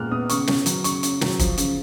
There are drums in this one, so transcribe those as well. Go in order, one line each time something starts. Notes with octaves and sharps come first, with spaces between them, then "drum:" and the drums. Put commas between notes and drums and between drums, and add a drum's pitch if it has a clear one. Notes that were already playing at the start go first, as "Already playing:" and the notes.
Already playing: A#2 G#3 F6 F#6
B3 D#6
C#3 C#6, drum: hi-hat
C#4, drum: snare
F#3, drum: hi-hat
C#3 C#6, drum: hi-hat
C#4, drum: hi-hat
F#3, drum: snare
F3, drum: kick, hi-hat
C#3, drum: hi-hat